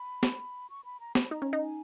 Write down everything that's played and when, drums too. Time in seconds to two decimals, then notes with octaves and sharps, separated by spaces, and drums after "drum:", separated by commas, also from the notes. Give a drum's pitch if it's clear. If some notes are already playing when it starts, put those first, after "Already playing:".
Already playing: B5
0.23 drum: snare
0.70 C#6
0.85 B5
1.00 A#5
1.15 B5, drum: snare
1.31 D#4 A#5
1.42 C#4
1.53 D#4 A#5
1.62 G#5